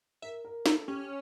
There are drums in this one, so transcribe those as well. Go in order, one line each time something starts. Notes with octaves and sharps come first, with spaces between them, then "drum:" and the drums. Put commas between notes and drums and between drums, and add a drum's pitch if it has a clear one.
A#4 E5
A#4
E4 A4, drum: snare
C#4 G4